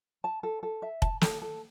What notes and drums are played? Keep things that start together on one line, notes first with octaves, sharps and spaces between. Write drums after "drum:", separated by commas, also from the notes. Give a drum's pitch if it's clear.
A5
A4
A4
E5
A5, drum: kick F1
A4, drum: snare
A4